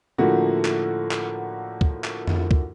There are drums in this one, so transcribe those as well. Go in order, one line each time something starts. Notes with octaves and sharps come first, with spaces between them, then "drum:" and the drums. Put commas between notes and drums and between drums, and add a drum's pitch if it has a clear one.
A2 D3 F3 A3 A#3 F#4
drum: clap
drum: clap
drum: kick C#2
drum: clap
drum: tom F2
drum: kick C#2